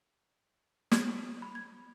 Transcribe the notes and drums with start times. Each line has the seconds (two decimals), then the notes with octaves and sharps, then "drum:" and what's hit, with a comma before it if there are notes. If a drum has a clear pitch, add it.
0.92 G#6, drum: snare
1.42 B5
1.55 G#6